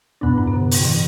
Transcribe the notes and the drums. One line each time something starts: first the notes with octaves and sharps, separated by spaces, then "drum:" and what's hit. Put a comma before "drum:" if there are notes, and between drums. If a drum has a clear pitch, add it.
E2 G2 B2 B3 D4
A2
C3
D3
drum: open hi-hat
E3